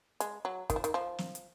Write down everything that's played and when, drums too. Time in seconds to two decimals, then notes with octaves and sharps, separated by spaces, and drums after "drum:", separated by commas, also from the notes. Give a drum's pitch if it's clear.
0.20 G#3, drum: hi-hat
0.45 F#3
0.70 D#3, drum: kick, hi-hat
0.76 F3
0.84 D#3, drum: hi-hat
0.94 F3
1.18 drum: snare
1.35 drum: hi-hat